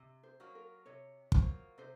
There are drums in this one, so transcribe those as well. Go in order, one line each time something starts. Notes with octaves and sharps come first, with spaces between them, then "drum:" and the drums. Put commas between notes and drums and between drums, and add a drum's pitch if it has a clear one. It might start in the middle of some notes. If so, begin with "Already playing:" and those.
Already playing: C3
C5
F#3 A#3 F4
A#4
C3 C#5
F#3 A#3 F4 C5, drum: kick
C3 C5